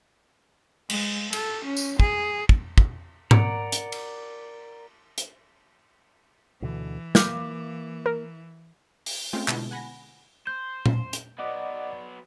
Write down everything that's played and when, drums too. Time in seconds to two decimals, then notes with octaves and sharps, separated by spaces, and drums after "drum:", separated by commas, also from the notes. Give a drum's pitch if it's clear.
0.90 G#3, drum: cymbal
1.33 A4, drum: cymbal
1.65 C#4
1.77 drum: tambourine
2.00 G#4, drum: kick
2.49 drum: kick
2.78 drum: kick
3.31 A#4 D5 F#5 A#5, drum: tom G#2
3.72 drum: hi-hat
3.92 drum: cymbal
5.18 drum: hi-hat
6.62 D2 B2 D3 E3
7.15 A#3 F5 B5 D6 F6 G6, drum: snare
8.06 A#4
9.06 drum: open hi-hat
9.33 G#3 A3 C4 C#4 F4 G5
9.48 B2 D3 G#3 B3 E4 A5, drum: clap
9.71 F#5 G#5 B5 A#6
10.47 C5 G6
10.86 drum: tom A#2
11.13 drum: hi-hat
11.39 F#3 B3 D5 D#5 F#5 D6